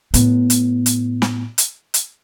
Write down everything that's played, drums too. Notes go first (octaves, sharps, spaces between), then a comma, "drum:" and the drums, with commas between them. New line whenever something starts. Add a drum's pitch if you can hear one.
A2 B3, drum: hi-hat
drum: hi-hat
drum: hi-hat
drum: snare
drum: hi-hat
drum: hi-hat